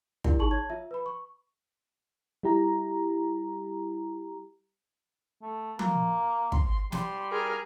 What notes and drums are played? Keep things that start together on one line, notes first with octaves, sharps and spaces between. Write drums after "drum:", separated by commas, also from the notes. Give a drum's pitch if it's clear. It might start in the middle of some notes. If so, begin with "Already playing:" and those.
D4 E4 F4 G4 A#4 D5, drum: kick
D#4 G#4 A5 C6 C#6 F#7
C#5 A5 G#6
F4 E5
B4 B5
C#6
G3 E4 G4 A#5
A3
A#3, drum: tom F3
C6, drum: kick
G3 C6, drum: snare
G#4 A#4